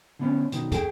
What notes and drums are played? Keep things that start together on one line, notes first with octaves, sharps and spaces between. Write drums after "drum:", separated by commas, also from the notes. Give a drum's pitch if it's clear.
D3 B3 C#4
B2 D#3, drum: hi-hat
G#4 A4 G5, drum: kick, hi-hat